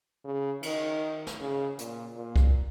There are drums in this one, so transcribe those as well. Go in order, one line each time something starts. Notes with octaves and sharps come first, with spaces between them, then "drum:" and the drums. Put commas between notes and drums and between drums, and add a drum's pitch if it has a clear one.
C#3
D#3, drum: cymbal
drum: snare
C#3
A#2, drum: hi-hat
A#2
drum: kick C2